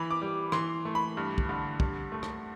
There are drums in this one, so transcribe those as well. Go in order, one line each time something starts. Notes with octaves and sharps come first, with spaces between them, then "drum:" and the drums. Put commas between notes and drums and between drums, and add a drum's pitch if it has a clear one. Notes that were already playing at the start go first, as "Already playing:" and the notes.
Already playing: E3 B5
D6
G3
E3 C6, drum: rim click
A3
B5
G2
drum: kick
D3
G2, drum: kick
A3
drum: rim click